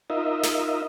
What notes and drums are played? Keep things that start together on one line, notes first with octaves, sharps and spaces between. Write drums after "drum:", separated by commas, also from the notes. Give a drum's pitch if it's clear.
D#4 F4 A#4 D#5 E5
drum: snare